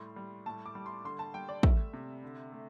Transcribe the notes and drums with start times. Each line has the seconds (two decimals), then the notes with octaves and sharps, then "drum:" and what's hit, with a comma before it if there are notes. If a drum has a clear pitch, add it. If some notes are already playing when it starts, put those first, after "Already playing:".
Already playing: A2 G3 C6
0.16 G3
0.46 A2 A5
0.66 D6
0.75 G3
0.86 C6
1.04 D3 C6
1.19 A5
1.34 G3 G5
1.49 D5
1.63 A3 E5, drum: kick
1.93 C3
2.23 D3
2.52 A3